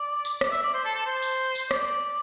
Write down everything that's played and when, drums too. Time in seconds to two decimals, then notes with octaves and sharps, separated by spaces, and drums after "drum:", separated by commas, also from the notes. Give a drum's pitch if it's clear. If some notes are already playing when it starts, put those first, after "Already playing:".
Already playing: D5
0.25 drum: tambourine
0.41 D5, drum: rim click
0.51 E5
0.63 D5
0.74 C5
0.85 A4
0.96 A4
1.06 C5
1.22 drum: tambourine
1.55 drum: tambourine
1.71 D5, drum: rim click